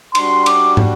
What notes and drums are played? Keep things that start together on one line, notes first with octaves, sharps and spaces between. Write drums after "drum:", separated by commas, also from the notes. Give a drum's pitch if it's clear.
G3 D4 F#4 C6, drum: cymbal
D6, drum: cymbal
drum: tom